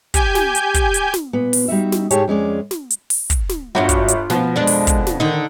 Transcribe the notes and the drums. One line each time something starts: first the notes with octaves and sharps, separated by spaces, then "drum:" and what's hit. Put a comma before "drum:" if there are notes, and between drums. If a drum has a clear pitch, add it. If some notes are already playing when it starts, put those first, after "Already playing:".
G4 G#5 G6, drum: kick, hi-hat
drum: snare
drum: hi-hat
drum: kick, hi-hat
drum: hi-hat
drum: snare
A#2 B3
drum: open hi-hat
G3 D#4 F#4 E5
drum: snare
G#2 D4 G4 G#4 C#5 A5, drum: hi-hat
F2 G#3 C#4 D5
drum: snare
drum: hi-hat
drum: open hi-hat
drum: kick, hi-hat
drum: snare
G1 G2 F#3 F4 F#4
drum: kick, hi-hat
drum: hi-hat
B2 F3 B3, drum: snare
F2 G#3 D4 D5
drum: open hi-hat
drum: kick, hi-hat
drum: snare
D3 D#3 D#4